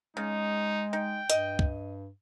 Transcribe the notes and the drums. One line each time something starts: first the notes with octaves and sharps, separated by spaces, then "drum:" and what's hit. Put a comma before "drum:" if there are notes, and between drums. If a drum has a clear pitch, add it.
C#3 G#3 D#4
D#4 G5
G2 D#5, drum: hi-hat
drum: kick